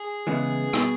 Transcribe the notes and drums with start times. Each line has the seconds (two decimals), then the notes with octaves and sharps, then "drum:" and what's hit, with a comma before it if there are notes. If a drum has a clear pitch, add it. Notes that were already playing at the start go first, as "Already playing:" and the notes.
Already playing: G#4
0.27 C#3 E3 G#3 B3
0.73 B2, drum: rim click